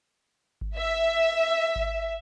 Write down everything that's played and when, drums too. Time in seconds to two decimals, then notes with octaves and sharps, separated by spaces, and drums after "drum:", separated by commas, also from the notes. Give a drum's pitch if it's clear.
0.61 drum: kick G#1
0.76 E5
1.76 drum: kick G#1